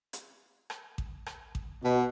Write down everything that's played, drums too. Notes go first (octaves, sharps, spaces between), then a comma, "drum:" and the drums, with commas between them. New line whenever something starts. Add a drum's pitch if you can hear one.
drum: hi-hat
drum: rim click
drum: kick A1
drum: rim click
drum: kick A1
B2